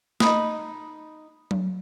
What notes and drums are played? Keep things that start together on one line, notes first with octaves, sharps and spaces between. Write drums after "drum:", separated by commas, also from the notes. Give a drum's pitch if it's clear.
D#4 E4 B5 D#6, drum: snare
drum: tom F#3